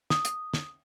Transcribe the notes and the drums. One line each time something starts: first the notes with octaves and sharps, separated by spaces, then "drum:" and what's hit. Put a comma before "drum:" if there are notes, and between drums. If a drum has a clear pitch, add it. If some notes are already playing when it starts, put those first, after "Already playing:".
D#6, drum: snare
drum: hi-hat
drum: snare